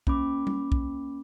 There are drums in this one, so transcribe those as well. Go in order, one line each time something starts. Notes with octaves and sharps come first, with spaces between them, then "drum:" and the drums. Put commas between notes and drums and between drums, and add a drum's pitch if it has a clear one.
A#3 C#4 B5 D6, drum: kick B1
drum: tom G3
drum: kick B1